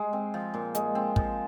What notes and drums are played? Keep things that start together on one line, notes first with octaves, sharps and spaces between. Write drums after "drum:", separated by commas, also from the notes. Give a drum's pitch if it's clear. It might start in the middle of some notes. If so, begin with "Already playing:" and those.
Already playing: G#3
C4
F3
A#2
G#3, drum: hi-hat
C4
F3, drum: kick